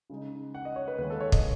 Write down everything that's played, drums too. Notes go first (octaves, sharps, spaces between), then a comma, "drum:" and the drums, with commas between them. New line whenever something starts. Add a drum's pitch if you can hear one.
C#3 G#3 D#4
F#5
D#5
C#5
B4
D#2 D#3 G#3 B4
A4
C#5
D#5, drum: kick